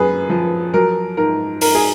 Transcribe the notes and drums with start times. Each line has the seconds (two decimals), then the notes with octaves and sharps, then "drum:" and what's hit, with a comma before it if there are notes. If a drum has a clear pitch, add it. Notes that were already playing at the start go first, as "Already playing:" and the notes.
Already playing: F#2 G#4 B4
0.30 F3
0.74 F#3 A#4
1.17 G#2 A#4
1.61 G#2 A#4, drum: open hi-hat
1.75 G#4